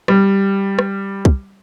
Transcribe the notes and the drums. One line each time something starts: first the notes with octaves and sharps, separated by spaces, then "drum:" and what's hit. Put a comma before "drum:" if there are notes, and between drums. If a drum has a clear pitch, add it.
G3, drum: rim click
drum: rim click
drum: kick